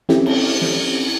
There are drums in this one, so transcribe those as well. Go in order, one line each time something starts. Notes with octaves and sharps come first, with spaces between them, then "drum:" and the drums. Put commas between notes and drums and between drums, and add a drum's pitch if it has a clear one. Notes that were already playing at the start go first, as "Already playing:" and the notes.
C4 C#4 E4 G4 A4, drum: snare
drum: cymbal
drum: snare